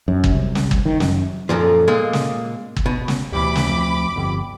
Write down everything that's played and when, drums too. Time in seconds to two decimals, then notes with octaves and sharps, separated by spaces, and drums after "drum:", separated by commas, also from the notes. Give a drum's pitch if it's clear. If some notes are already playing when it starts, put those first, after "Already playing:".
0.08 F#2
0.24 drum: kick G1
0.34 C2
0.55 drum: snare
0.71 drum: kick G1
0.85 D#3
1.00 F#2, drum: snare
1.49 F#2 A#2 F3 A4 A#4 D5
1.88 A#2 G#3 A#3
2.13 drum: snare
2.76 drum: kick G1
2.86 B2
3.08 drum: snare
3.32 D2 B2 E3 G3 B5 D6
3.55 drum: snare
3.67 F2
4.16 G1 F2 G4